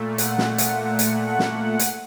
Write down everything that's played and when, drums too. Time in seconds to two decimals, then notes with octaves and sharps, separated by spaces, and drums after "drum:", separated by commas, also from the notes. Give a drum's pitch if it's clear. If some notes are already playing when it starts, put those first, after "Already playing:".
Already playing: A#2 A3
0.18 F#5, drum: hi-hat
0.38 drum: snare
0.58 drum: hi-hat
0.99 drum: hi-hat
1.39 drum: snare
1.79 drum: hi-hat